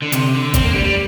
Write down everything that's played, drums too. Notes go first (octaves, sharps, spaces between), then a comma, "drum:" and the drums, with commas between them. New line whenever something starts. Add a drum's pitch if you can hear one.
D3
C3, drum: hi-hat
D3
C4, drum: kick, hi-hat
A#3
G3
G3